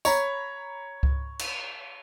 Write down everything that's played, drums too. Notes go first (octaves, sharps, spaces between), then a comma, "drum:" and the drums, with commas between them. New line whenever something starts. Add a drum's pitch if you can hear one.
C#5 A#5 B5, drum: tambourine
drum: kick C#2
drum: cymbal